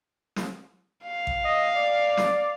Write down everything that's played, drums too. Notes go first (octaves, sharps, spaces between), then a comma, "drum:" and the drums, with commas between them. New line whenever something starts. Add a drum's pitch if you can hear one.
drum: snare
F5
drum: kick A1
D#5
D5
drum: snare